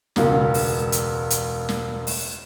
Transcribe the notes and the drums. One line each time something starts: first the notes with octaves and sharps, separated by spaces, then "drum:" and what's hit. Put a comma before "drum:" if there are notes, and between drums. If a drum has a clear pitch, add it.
E1 C#2, drum: snare
drum: open hi-hat
drum: hi-hat
drum: hi-hat
drum: snare
drum: open hi-hat